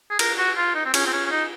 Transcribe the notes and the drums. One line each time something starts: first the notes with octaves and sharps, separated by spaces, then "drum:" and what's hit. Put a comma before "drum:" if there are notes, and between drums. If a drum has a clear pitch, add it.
G#4
A#4, drum: cymbal
F#4
F4
D#4
C4
C#4, drum: cymbal
C4
C#4
C#4
D#4